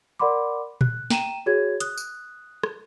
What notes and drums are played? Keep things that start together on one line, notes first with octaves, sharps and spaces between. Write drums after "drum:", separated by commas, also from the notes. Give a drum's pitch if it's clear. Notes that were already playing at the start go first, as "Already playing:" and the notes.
A#4 D5 F#5 B5 C6 D6
F#6, drum: tom A#2
G5 A#5 D#7 E7, drum: snare
F#4 G#4 C#5 G#6
D#6 F#6, drum: hi-hat
drum: tambourine
drum: rim click